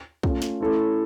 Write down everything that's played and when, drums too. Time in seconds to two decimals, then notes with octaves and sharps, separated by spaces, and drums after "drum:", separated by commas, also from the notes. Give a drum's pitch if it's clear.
0.23 A3 C#4 F4, drum: kick
0.42 drum: snare
0.61 A3 C#4 E4 A4